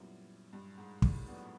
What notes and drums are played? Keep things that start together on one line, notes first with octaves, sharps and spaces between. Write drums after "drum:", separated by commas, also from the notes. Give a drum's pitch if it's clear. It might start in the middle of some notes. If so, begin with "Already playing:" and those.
Already playing: F#2 A#2 G3 B3 E4
G2
G#2
A2, drum: kick
A#2 F#3 B3 D4 F#4